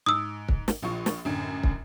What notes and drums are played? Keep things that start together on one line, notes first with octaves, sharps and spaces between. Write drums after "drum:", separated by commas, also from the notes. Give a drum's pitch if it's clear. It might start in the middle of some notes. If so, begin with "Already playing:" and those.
G#2 D#6 E6
drum: kick
drum: snare
A#1 F3 C#6
drum: snare
A1 F#2 D3
drum: kick